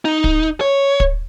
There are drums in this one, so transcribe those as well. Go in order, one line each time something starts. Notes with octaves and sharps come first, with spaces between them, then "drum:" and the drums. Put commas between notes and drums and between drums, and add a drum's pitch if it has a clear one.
D#4
drum: kick
C#5
drum: kick